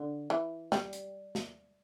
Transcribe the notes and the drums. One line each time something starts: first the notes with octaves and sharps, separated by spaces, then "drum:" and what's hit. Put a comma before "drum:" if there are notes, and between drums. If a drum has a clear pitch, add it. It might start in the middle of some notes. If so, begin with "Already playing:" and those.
Already playing: D3
E3
G3, drum: snare
drum: hi-hat
drum: snare